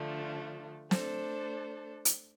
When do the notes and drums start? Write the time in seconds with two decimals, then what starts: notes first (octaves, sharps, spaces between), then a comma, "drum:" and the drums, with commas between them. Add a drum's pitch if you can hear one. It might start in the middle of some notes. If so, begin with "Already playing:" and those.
Already playing: D3 F3 A3 D4
0.91 A3 D4 A4 C5, drum: snare
2.05 drum: hi-hat